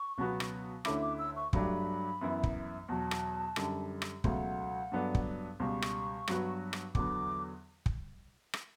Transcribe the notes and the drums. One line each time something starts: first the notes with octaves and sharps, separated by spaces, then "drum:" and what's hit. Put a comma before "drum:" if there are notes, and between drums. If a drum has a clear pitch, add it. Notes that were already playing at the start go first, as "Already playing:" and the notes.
Already playing: C#6
C#2 B2 F#3 B3 F#4
drum: rim click
D2 D3 A3 C#4 E4 D6, drum: rim click
D6
E6
C#6
G2 F#3 A3 D4 G4 B5, drum: kick
F#2 E3 B3 E4
drum: kick
E2 B2 F#3 A5
drum: rim click
F#2 D3 G3, drum: rim click
drum: rim click
C#2 B2 F#3 A3 F#5, drum: kick
G2 F#3 B3 D4 A4
drum: kick
C#2 B2 G3 C#6
drum: rim click
G2 F#3 B3 F#4 B4, drum: rim click
drum: rim click
E2 D3 F#3 B3 D6, drum: kick
drum: kick
drum: rim click